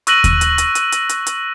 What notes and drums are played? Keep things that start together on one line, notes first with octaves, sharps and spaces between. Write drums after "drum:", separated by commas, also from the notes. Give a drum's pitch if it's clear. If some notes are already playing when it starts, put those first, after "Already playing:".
C#6 E6 F#6 A#6 D#7 F#7, drum: hi-hat
drum: kick D#2, hi-hat
drum: hi-hat
drum: hi-hat
drum: hi-hat
drum: hi-hat
drum: hi-hat
drum: hi-hat